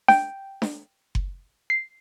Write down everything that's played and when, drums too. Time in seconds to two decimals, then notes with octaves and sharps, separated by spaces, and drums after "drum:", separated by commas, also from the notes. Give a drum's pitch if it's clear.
0.08 G5, drum: snare D4
0.62 drum: snare D4
1.15 drum: kick F#1
1.70 C7